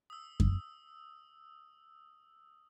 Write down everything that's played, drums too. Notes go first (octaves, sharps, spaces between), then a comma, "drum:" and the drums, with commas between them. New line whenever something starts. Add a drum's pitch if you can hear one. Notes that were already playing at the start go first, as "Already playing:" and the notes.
D#6 E6
drum: kick F#2